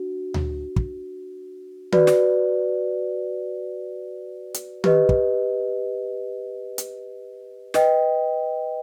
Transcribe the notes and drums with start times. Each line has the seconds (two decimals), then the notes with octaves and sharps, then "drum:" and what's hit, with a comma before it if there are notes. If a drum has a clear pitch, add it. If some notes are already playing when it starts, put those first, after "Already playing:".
Already playing: D4 F#4
0.34 drum: tom D2
0.76 drum: kick
1.92 F#4 B4 D5, drum: tom D#3
2.07 drum: snare
4.54 drum: hi-hat
4.84 G4 B4 D#5, drum: tom D#3
5.09 drum: kick
6.78 drum: hi-hat
7.74 B4 D#5 G5, drum: snare